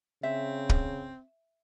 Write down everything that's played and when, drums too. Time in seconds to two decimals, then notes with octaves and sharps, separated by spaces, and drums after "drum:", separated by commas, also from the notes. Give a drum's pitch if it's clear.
0.23 C#3 C4 E5
0.69 drum: kick